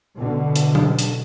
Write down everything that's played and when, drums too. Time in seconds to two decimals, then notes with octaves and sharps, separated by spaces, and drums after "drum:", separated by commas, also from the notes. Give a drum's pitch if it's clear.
0.16 B2 D3
0.56 drum: hi-hat
0.75 drum: tom F#3
0.99 drum: hi-hat